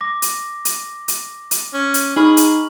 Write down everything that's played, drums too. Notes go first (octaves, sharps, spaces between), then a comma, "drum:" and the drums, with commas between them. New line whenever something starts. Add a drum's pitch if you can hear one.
D6 A#6
drum: hi-hat
drum: hi-hat
drum: hi-hat
drum: hi-hat
C#4
drum: hi-hat
D#4 G#4 B5 C#6 F6 F#7
drum: hi-hat